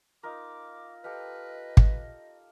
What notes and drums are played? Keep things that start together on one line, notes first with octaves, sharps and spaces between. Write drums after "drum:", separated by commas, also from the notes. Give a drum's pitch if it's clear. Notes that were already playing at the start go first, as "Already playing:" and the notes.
D#4 F4 A#4 D6
G4 A4 B4 D#5 F5
drum: kick